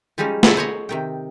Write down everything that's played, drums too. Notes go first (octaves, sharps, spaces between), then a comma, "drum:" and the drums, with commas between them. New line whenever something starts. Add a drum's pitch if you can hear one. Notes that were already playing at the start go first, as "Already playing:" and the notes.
F3 G3 G#3 C#4 D#4
B2 D3 F#3 E4 G#4 A4, drum: snare
C5 C#5 D#5
C3 D#3 G5